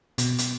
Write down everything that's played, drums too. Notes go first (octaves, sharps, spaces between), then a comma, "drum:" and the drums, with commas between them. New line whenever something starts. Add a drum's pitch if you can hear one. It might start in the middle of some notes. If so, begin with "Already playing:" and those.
B2, drum: hi-hat
drum: hi-hat